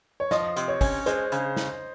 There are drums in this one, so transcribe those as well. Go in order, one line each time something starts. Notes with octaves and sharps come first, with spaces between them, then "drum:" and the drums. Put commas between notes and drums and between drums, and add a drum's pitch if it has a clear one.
C#5
F3 D#5, drum: snare
C3, drum: hi-hat
C#5
C#4, drum: kick, open hi-hat
G#3 C5, drum: hi-hat
C#3, drum: hi-hat
drum: snare